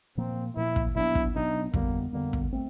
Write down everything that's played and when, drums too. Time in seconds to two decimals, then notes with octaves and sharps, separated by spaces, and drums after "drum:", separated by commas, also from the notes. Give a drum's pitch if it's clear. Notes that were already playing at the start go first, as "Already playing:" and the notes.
0.17 A#2 F3 A#3 C4
0.56 A#2 F3 A#3 E4
0.76 drum: kick
0.95 B2 F#3 B3 D4 E4
1.15 drum: kick
1.35 B2 F#3 B3 D4 D#4
1.74 F2 D3 G3 A#3 B3, drum: kick
2.13 F2 D3 G3 A#3 B3
2.33 drum: kick
2.53 A3 C4